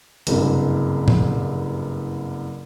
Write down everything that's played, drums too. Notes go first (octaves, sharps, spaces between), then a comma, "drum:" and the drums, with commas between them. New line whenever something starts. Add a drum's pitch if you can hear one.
F#1 C2 G2, drum: hi-hat
drum: tom